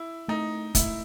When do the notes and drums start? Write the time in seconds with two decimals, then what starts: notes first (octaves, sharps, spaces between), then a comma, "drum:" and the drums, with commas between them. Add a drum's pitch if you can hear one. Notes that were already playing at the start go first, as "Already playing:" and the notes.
Already playing: E4
0.28 A3 D#4
0.75 A3 E4, drum: kick, hi-hat